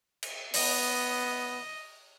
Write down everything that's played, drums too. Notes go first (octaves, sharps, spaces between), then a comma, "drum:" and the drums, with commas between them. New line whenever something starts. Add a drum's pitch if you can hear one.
drum: cymbal
B3 D#5, drum: open hi-hat